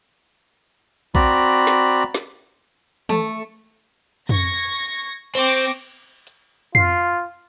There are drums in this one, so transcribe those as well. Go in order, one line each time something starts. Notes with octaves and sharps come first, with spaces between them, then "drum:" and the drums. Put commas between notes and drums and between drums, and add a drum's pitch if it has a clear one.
C4 F#4 D5 A#5 B5, drum: kick A#1
drum: snare
drum: snare
A3, drum: tom
C#6 G#6 A#6, drum: tom F2
C4 C#6 D6 A#6
drum: cymbal
drum: hi-hat
F4 C7, drum: tom F2